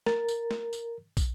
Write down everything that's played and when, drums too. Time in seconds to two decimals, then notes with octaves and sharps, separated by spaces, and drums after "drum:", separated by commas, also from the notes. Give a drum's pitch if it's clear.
0.06 A#4 A6, drum: snare
0.29 drum: tambourine
0.51 drum: snare
0.73 drum: tambourine
1.17 drum: kick, tambourine